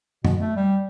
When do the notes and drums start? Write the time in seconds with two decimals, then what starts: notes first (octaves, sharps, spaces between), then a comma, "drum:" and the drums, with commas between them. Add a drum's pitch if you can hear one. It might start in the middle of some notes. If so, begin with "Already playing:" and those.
0.25 B2, drum: tom F#2
0.41 A3
0.56 G3